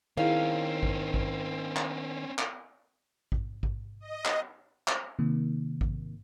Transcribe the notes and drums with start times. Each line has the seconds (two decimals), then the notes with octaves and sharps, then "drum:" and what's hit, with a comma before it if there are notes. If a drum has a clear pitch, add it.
0.17 D#3 C4 C#4 E4 G#4 F5
0.83 drum: kick A1
1.14 drum: kick A1
1.76 drum: clap
2.39 drum: clap
3.32 drum: kick A1
3.63 drum: kick A1
4.00 D#5
4.25 drum: clap
4.88 drum: clap
5.19 C3 D#3 A#3
5.81 drum: kick A1